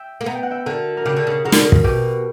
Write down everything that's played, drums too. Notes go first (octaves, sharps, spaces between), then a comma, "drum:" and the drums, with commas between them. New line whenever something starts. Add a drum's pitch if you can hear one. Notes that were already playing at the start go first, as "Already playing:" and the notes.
Already playing: E5 G5
A#3
B3 A#5
G5
F#5
E5 G5
D3 F#4 A#4
A#4
C#3 G4
D3
C#3
C#3 F#4 A#4
D3, drum: snare
C#3
drum: kick
B2 G4